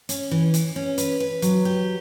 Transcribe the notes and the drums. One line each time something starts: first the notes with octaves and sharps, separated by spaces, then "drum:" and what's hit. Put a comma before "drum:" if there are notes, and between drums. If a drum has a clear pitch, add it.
C#4, drum: hi-hat
E3
E3, drum: hi-hat
C#4
B4, drum: hi-hat
B4
F#3, drum: hi-hat
G4